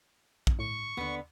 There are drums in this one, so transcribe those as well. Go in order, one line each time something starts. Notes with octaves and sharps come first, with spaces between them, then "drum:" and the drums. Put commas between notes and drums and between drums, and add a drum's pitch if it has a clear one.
drum: kick A#1
A2 C#6
D#2 D3 B3